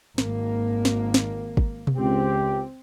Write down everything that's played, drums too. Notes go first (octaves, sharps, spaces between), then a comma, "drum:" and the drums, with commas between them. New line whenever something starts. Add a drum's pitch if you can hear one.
G#1 A#3, drum: snare
drum: snare
drum: snare
drum: kick
drum: tom B2
C#2 C4 G4